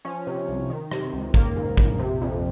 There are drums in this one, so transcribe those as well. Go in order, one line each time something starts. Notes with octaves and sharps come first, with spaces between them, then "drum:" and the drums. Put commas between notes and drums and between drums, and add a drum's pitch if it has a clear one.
F3 C#4
C3
C2
D#3
C3, drum: rim click
C#2
D#3 A#3, drum: kick
G#2
A#1, drum: kick
C3
F2